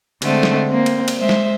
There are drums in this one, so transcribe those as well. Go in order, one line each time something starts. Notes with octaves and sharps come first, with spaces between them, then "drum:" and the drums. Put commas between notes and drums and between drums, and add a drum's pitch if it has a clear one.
D3 G#3 A3 C4, drum: cymbal
drum: snare
A#3 C4
drum: cymbal
drum: cymbal
G#3 C5 E5
drum: snare